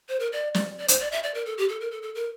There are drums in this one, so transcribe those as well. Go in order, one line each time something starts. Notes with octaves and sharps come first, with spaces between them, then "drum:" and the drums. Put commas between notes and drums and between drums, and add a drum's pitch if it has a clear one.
C5
A#4
D5
D5, drum: snare
D5
C5, drum: hi-hat
D5
E5
D5
A#4
A4
G4
A4
A#4
A4
A4
A#4